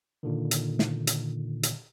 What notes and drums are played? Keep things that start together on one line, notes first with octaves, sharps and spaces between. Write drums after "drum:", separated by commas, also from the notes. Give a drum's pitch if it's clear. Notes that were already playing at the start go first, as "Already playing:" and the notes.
A#2 D3 D#3
drum: hi-hat
drum: snare
drum: hi-hat
drum: hi-hat